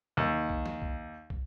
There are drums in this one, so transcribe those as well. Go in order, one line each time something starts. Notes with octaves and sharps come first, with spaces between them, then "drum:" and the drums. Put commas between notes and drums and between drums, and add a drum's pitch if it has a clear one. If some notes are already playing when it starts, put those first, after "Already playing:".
D#2
drum: kick
drum: snare
drum: kick
drum: kick